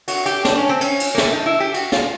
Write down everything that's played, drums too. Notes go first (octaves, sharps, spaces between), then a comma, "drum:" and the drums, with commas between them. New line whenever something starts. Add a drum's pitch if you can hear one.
F#4, drum: cymbal
G4, drum: cymbal
D4, drum: snare
C#4
C4
C#4, drum: cymbal
drum: cymbal
A#3
A3, drum: snare
D#4
E4
G4
F#4, drum: cymbal
F4, drum: snare